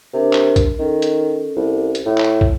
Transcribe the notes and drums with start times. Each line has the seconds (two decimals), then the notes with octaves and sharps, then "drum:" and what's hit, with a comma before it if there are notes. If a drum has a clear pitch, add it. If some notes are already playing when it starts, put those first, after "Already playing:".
0.14 C3 D4 A#4
0.33 drum: clap
0.56 drum: kick, hi-hat
0.79 D#3 C#4 A4
1.02 drum: hi-hat
1.56 C2
1.95 drum: hi-hat
2.05 A2
2.18 drum: clap
2.41 drum: kick